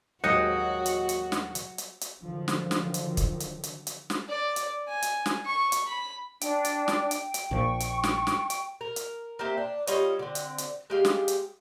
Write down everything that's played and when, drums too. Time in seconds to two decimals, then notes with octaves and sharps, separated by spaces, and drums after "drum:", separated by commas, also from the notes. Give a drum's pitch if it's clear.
0.24 D#2 F#3 G#3 D#4 F#4 D#6 F#6 C#7
0.86 drum: hi-hat
1.09 drum: hi-hat
1.32 drum: snare
1.55 drum: hi-hat
1.78 drum: hi-hat
2.01 drum: hi-hat
2.21 D3 D#3 F3 F#3
2.48 drum: snare
2.71 drum: snare
2.94 drum: hi-hat
3.17 drum: kick, hi-hat
3.40 drum: hi-hat
3.63 drum: hi-hat
3.87 drum: hi-hat
4.10 drum: snare
4.29 D5
4.56 drum: hi-hat
4.88 G#5
5.02 drum: hi-hat
5.26 drum: snare
5.46 C#6
5.72 drum: hi-hat
5.87 B5
6.41 D4 G5, drum: hi-hat
6.65 drum: hi-hat
6.88 drum: snare
7.11 drum: hi-hat
7.34 drum: hi-hat
7.51 A#1 A#2 F3 C#6
7.80 drum: hi-hat
8.04 drum: snare
8.27 drum: snare
8.50 drum: hi-hat
8.81 A#4
8.96 drum: hi-hat
9.39 A#3 C4 G4 E5
9.58 D4
9.87 G3 F4 C#5 D#5, drum: hi-hat
10.19 D3 C4
10.35 drum: hi-hat
10.58 drum: hi-hat
10.90 G#3 G4 F5
11.05 drum: snare
11.28 drum: hi-hat